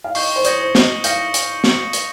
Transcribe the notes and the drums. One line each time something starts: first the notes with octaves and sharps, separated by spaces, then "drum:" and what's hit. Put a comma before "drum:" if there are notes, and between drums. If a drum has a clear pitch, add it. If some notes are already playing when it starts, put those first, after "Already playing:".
F5
D#5 C#6 G6 C7 G7, drum: open hi-hat
C5
C#5 D#6 G6 A#6 C#7 G7, drum: hi-hat
C5
D#5 G6 C7 D#7 G7, drum: snare
F5 G6 A#6 C#7 G7, drum: hi-hat
drum: hi-hat
drum: snare
drum: hi-hat